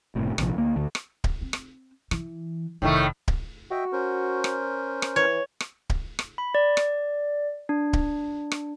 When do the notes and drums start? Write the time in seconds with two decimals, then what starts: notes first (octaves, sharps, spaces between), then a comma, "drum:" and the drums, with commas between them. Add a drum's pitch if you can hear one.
0.15 F#1 A2 C3
0.38 A#1 C3 E3 F3, drum: rim click
0.57 D2 A#3
0.76 D2
0.95 drum: rim click
1.24 drum: kick D1
1.41 C4
1.53 drum: rim click
2.11 E3, drum: rim click
2.82 F1 A2 D#3 A3
3.28 drum: kick D1
3.71 F#4 D#5 E5 G5
3.92 C#4 A#4 C5
4.44 drum: rim click
5.02 drum: rim click
5.16 E3 C#5
5.60 drum: rim click
5.90 drum: kick D1
6.19 drum: rim click
6.38 B5
6.55 D5
6.77 drum: rim click
7.69 D4
7.93 drum: kick D1
8.51 drum: rim click